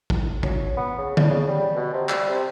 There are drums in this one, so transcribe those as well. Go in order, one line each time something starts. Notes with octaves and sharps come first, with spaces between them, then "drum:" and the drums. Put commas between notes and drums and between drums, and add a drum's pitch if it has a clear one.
drum: kick
F#3, drum: kick
B3
C#3
D4, drum: tom D3
C#3
G3
B2
C3
G3, drum: clap
C3